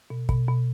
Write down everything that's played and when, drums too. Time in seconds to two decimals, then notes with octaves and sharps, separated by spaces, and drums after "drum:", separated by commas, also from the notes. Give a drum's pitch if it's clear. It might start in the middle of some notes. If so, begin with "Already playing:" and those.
0.10 B2
0.29 B2, drum: kick
0.48 B2